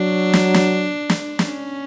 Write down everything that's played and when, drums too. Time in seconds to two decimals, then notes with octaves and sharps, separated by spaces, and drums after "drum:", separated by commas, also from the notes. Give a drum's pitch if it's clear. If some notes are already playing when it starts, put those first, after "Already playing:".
Already playing: F#3 D4
0.34 drum: snare
0.54 drum: snare
1.10 drum: snare
1.39 C#4, drum: snare